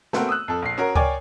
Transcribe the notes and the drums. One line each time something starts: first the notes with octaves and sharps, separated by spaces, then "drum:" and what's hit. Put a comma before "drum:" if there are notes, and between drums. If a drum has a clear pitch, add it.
A3 B3 C4 F#4 A#4, drum: snare
D#6 E6 F#6
F2 A4
A#1 C7
C#4 F#4 A#4 A#5
A#4 C#5 D5 G5 G#5, drum: kick C#2